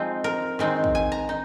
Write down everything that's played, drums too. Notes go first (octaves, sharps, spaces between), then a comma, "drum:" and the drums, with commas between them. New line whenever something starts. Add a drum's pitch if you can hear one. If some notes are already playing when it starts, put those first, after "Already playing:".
Already playing: F3 G#3 C4 D#4
A#4
D#3 G#3 C4 D#4
drum: kick
G#5
A#5
D#4